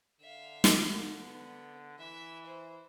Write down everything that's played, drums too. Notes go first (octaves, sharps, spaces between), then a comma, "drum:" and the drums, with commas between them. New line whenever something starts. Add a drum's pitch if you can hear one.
D3 E5 F5
drum: snare
B3
E3 E5
C5